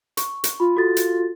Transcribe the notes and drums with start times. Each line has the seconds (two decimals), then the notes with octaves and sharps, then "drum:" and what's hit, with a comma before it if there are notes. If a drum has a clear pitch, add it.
0.17 C#6, drum: hi-hat
0.44 drum: hi-hat
0.60 F4 B5
0.77 F#4 A4 A6
0.97 drum: hi-hat